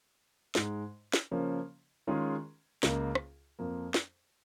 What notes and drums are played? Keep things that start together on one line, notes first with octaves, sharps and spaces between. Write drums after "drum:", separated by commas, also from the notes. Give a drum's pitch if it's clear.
G#2 G#3 D#4, drum: snare
drum: snare
C#3 F3 A#3 C#4
D#3 G#3 C#4 F4 G#4
C#2 C#3 A#3, drum: snare
drum: rim click
F2 F3 A#3
drum: snare